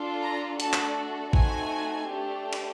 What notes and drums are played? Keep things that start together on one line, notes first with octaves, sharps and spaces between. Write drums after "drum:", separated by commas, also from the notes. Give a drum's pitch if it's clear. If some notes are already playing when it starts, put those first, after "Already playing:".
Already playing: D4 F4 A4
A#5
A3 D4 F#4 A4 A5, drum: hi-hat
drum: clap
A3 C4 D#4 F#4 G#5, drum: kick A1
A3 D4 G4
drum: cymbal